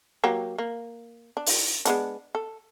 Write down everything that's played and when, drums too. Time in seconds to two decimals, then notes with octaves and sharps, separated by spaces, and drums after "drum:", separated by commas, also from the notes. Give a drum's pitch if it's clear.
0.24 F#3 A#3 G4
0.58 A#3
1.37 D4
1.46 drum: open hi-hat
1.85 G#3 B3 D4, drum: hi-hat
2.35 A4